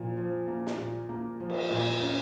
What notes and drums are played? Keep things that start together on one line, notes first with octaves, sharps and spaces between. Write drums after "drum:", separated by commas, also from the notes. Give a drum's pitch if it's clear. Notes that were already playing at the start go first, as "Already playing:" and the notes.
Already playing: A#2 F3
F3
A#3
drum: snare
A#2
A#3
F3
drum: cymbal
A#2
C#4